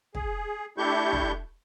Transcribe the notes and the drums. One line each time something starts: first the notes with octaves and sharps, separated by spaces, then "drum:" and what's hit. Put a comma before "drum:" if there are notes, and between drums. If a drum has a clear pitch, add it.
G#4, drum: kick
A3 D4 E4 G4 C#6 G6
drum: kick